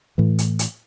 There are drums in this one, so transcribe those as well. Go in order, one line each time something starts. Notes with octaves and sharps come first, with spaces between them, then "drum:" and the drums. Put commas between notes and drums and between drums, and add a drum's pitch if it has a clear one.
A2 E3
drum: hi-hat
drum: hi-hat